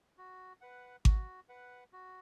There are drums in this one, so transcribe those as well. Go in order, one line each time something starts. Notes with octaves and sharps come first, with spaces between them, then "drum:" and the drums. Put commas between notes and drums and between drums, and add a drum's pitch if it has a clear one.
F#4
B4 F#5
F#4, drum: kick G#1
B4 F#5
F#4